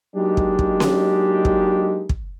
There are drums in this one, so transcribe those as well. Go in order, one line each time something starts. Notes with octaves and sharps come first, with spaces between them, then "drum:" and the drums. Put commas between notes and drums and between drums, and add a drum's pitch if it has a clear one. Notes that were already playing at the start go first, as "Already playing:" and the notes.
F#3 G#3 A#3 D4 D#4 G4
drum: kick
drum: kick
drum: snare C#4
drum: kick
drum: kick